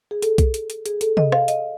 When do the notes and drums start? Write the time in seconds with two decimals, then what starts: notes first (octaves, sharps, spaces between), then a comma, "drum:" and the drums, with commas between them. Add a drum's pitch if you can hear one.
0.11 G#4
0.22 A4, drum: hi-hat
0.38 drum: kick B1, hi-hat
0.54 drum: hi-hat
0.70 drum: hi-hat
0.86 G#4, drum: hi-hat
1.01 A4, drum: hi-hat
1.17 D#5, drum: tom C3
1.32 F5, drum: rim click
1.48 D#5, drum: hi-hat